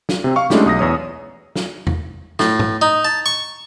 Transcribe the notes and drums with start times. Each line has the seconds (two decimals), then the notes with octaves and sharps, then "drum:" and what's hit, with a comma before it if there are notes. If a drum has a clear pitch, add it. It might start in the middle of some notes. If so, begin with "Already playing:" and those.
0.09 drum: snare
0.24 C3 C4
0.36 F5 C#6
0.50 G#3 A3 C#4 D4 E4 G4, drum: snare
0.66 B1 D#6 A#6
0.79 E2 C#5 D#6
1.56 drum: snare
1.87 drum: tom E2
2.39 A2, drum: snare
2.59 drum: tom
2.82 D#4
3.05 A5
3.26 C#6